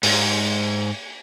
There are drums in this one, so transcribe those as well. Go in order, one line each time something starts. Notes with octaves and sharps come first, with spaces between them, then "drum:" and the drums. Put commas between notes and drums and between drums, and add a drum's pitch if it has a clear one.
G#2, drum: open hi-hat